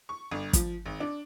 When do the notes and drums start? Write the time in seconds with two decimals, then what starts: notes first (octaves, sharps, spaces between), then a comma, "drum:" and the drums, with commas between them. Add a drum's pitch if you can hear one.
0.09 C#6
0.31 G1
0.53 F3, drum: kick, hi-hat
0.86 G#1
1.00 D4